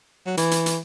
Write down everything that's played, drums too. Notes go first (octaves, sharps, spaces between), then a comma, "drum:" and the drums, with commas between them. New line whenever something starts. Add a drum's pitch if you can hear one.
F#3
E3, drum: hi-hat
drum: hi-hat
drum: hi-hat